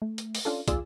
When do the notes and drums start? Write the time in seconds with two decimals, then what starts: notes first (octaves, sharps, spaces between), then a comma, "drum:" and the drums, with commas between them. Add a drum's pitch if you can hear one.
0.02 A3
0.18 drum: hi-hat
0.35 drum: open hi-hat
0.45 C#4 D4 F4 A4
0.68 D#2 F4 G#4 D5 E6, drum: kick, hi-hat